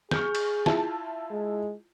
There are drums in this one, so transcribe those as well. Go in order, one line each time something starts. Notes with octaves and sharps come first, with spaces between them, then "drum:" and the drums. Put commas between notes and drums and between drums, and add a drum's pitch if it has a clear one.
G#4 C#6 F6 G6, drum: snare
drum: cymbal
E4 F4 A5, drum: snare
G#3